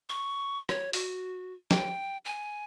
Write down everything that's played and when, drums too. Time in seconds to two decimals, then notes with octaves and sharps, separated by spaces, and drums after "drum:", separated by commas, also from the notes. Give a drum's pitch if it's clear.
0.09 C#6
0.69 C#5, drum: rim click
0.93 F#4, drum: open hi-hat
1.71 G5, drum: snare
2.25 G#5